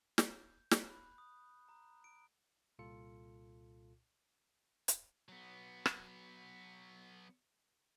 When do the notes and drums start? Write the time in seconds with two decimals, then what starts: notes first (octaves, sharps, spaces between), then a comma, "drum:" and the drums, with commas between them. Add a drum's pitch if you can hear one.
0.18 G6, drum: snare
0.71 F#6, drum: snare
0.90 B5
1.18 D#6
1.69 A#5
2.04 D7
2.79 C2 A#2 F4 A4 C#7
4.88 drum: hi-hat
5.29 F#3 B3
5.86 drum: rim click